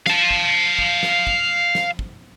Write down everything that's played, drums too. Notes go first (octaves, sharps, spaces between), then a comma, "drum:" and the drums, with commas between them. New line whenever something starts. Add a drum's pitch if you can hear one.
F5 A5, drum: snare
drum: kick
drum: kick
drum: snare
drum: kick
drum: snare
drum: kick